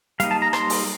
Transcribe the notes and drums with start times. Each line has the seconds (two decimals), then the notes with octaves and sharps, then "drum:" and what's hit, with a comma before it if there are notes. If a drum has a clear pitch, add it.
0.20 G3 A#3 D#4 F5, drum: hi-hat
0.31 A5
0.42 A#5
0.53 C6, drum: rim click
0.70 drum: open hi-hat